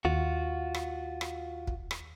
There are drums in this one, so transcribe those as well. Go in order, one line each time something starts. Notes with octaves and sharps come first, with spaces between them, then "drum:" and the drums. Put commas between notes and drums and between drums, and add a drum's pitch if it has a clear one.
D#2 F4 F#4
drum: rim click
drum: rim click
drum: kick
drum: rim click